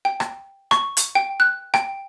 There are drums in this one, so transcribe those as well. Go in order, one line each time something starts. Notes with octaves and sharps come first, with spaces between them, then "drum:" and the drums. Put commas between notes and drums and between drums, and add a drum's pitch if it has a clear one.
G5
drum: rim click
C#6, drum: rim click
drum: hi-hat
G5
F#6
G5, drum: rim click